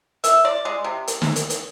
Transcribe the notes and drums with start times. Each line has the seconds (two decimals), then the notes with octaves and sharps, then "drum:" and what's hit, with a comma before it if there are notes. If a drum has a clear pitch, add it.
0.24 E5, drum: hi-hat
0.45 D5
0.65 G#3
0.84 C3
1.07 drum: hi-hat
1.22 drum: snare
1.36 drum: hi-hat
1.50 drum: hi-hat